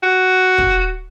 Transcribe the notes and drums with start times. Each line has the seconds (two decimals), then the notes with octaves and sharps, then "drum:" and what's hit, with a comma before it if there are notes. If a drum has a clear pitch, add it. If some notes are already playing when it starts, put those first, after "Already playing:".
0.03 F#4
0.58 drum: kick